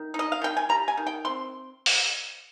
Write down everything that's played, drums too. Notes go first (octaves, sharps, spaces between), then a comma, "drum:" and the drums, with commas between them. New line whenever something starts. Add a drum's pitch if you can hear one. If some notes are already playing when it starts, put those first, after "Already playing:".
Already playing: D#3
D#4
D#5
F5
D#3 G5
G#5
G3 A#5
G#5
D#3
G5
C4 C6
drum: open hi-hat